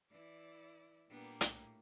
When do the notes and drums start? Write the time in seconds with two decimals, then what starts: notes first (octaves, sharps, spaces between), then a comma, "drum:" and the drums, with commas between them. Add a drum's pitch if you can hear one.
0.10 E3 E4 D5
1.10 A#2 G3 A#3 B3 D4
1.41 A2, drum: hi-hat